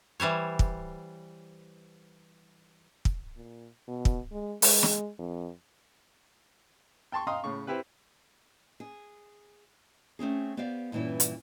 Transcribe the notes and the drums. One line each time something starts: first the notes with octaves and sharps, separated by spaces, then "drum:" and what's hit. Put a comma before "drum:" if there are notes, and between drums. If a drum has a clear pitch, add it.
E3 G3 C5 C#5
drum: kick
drum: kick
A#2
B2
drum: kick
G#3
G#3, drum: open hi-hat
drum: snare
F2
G5 A5 C6 C#6
D#5 F5 G5 A#5 C6 D#6
A2 C#3 C#6
C4 E4 G4 B4
G#4
A3 C4 C#4 G#4
B3 G4 C5 D5 F5
G2 A#2 E3 C#4 E4
drum: hi-hat